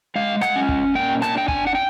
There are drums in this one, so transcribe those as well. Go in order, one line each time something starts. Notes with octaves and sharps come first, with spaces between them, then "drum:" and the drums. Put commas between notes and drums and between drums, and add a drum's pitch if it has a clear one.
G#3 F5
F#5, drum: rim click
C#4
drum: kick
A#2 G5
A5, drum: rim click
D4 G5
G#5, drum: kick
F#5
G5